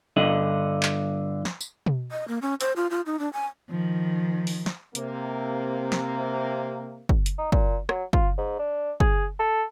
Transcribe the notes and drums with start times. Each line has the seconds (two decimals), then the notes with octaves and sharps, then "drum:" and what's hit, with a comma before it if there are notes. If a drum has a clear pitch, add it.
0.17 G2 D3 D#5
0.83 drum: clap
1.45 drum: snare
1.61 drum: tambourine
1.86 drum: tom B2
2.10 D#5
2.28 A#3
2.42 C#4
2.61 C5, drum: hi-hat
2.76 F4
2.90 F4
3.06 D#4
3.19 D4
3.33 G#5
3.69 D#3 F3
4.47 drum: open hi-hat
4.66 drum: snare
4.95 C3 A#3, drum: hi-hat
5.92 drum: snare
7.09 drum: kick
7.26 drum: hi-hat
7.38 D#4
7.52 A#2, drum: kick
7.89 F#3, drum: rim click
8.13 F4, drum: kick
8.38 G#2
8.59 D4
9.00 G#4, drum: kick
9.39 A4